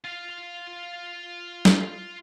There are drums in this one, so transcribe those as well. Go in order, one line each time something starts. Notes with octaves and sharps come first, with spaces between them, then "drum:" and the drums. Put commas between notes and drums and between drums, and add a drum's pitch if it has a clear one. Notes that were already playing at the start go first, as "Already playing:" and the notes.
F4 F5
drum: snare